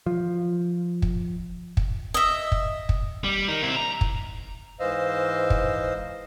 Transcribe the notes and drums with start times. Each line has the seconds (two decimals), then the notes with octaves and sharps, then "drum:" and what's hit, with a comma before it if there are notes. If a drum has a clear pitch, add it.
0.06 F3
1.02 drum: kick
1.77 drum: kick
2.14 D#5 E5
2.52 drum: kick
2.89 drum: kick
3.24 G3
3.48 D#4 A#4
3.63 C4 E4
3.76 A#5
4.01 drum: kick
4.80 G#2 E3 C5 D#5 F5 E6
5.50 drum: kick